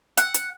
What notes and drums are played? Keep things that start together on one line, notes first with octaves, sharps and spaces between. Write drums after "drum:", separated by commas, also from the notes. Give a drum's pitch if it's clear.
F#5, drum: hi-hat
drum: hi-hat